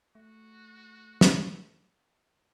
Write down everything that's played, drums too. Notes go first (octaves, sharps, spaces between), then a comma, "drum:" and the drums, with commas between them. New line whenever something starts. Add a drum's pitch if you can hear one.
A3 F#4
drum: snare